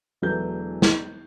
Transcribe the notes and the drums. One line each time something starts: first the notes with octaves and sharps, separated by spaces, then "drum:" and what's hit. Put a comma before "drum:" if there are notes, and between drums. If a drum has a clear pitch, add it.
E1 E3 F#3 A4 G6
drum: snare